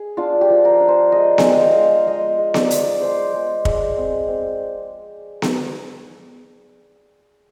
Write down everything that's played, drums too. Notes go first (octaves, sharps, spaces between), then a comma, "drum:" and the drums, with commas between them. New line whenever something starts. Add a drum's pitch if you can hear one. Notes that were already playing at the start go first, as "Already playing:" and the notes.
Already playing: G#4
D4 F4
G4
F3
A#4
D4
C5
G#3 D#5
G#5, drum: snare B3
G#3
G5
F5
G#3
G#3 D#5
G#3
D5, drum: snare B3
G#3, drum: hi-hat
G#3 C5
G#3
G#3, drum: kick
C4
C4
drum: snare B3